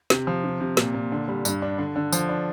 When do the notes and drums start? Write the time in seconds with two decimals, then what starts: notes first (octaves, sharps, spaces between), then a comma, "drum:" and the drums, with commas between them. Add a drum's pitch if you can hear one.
0.10 C3, drum: snare
0.27 F3
0.44 C3
0.61 C3
0.77 A#2, drum: snare
0.94 A#2
1.12 D3
1.28 G3
1.45 G2, drum: tambourine
1.62 D4
1.78 D3
1.96 D3
2.13 F3, drum: tambourine
2.29 D4